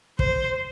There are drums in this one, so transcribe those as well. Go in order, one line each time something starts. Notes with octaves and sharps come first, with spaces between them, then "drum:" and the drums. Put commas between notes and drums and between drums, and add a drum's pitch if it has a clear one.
C5, drum: kick